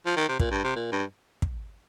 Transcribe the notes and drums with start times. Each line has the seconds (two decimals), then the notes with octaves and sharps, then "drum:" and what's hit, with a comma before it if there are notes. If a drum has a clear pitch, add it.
0.06 F3
0.16 D#3
0.29 C3
0.40 A#2, drum: kick
0.51 G2
0.64 C3
0.76 A#2
0.92 G2
1.42 drum: kick